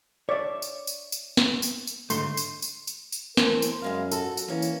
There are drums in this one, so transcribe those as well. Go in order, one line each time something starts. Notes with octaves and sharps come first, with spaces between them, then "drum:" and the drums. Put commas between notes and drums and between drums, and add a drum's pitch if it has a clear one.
C#5 D5 E5
drum: tambourine
drum: tambourine
drum: tambourine
drum: snare
drum: tambourine
drum: tambourine
G#2 D3 A3 C6, drum: tambourine
drum: tambourine
drum: tambourine
drum: tambourine
drum: tambourine
E3 A3 C4 A#4, drum: snare
drum: tambourine
F#2 C#3 G#3 F5
G#2 F#4 A4, drum: tambourine
drum: tambourine
E3 A#3 C#4
drum: tambourine